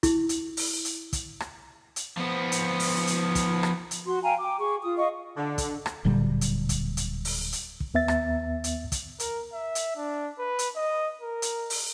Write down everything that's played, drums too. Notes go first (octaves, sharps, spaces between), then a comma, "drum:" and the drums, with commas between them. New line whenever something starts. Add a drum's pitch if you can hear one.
E4, drum: kick, hi-hat
drum: hi-hat
drum: open hi-hat
drum: hi-hat
drum: kick, hi-hat
drum: rim click
drum: hi-hat
F3 B3
drum: hi-hat
drum: open hi-hat
drum: hi-hat
drum: kick, hi-hat
drum: rim click
drum: hi-hat
F#4 C6
F5 G5 G#5 A#5
G5 D6
G#4 C#6
F4 D#6
D#5 F5 C#6
D3
drum: kick, hi-hat
drum: rim click
D1 A#2 D3 G3
drum: hi-hat
drum: kick, hi-hat
drum: hi-hat
drum: open hi-hat
drum: hi-hat
drum: kick
D#2 B3 E5 A6
drum: rim click
drum: hi-hat
drum: kick, hi-hat
A#4, drum: hi-hat
E5
drum: hi-hat
D4
B4
drum: hi-hat
D#5
A#4
drum: hi-hat
drum: open hi-hat